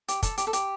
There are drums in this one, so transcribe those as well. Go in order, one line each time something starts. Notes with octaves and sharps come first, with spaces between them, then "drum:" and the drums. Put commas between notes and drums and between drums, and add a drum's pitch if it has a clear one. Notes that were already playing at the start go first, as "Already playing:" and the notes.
G4, drum: hi-hat
A4, drum: kick, hi-hat
G4, drum: hi-hat
A4
G4, drum: hi-hat